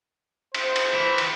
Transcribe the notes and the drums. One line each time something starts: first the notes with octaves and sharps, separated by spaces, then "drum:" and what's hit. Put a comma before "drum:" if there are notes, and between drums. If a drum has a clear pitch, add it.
C5, drum: cymbal
drum: cymbal
E3 E4
drum: cymbal